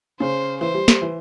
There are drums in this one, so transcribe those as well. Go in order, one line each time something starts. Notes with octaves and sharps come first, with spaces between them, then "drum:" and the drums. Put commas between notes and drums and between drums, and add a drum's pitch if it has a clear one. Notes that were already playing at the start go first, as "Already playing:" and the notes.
C#3 C5
E3 C5
G3
G3, drum: snare
E3